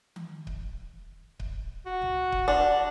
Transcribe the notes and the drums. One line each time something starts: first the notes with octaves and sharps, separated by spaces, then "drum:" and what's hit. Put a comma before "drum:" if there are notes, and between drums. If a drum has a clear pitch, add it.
drum: tom D#3
drum: kick C#1
drum: kick C#1
F#4
drum: tom C2
drum: kick C#1
D4 F#5